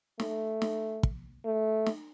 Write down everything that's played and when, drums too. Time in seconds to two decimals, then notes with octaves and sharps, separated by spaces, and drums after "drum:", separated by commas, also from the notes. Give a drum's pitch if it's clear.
0.20 A3, drum: snare
0.62 drum: snare
1.03 drum: kick
1.45 A3
1.87 drum: snare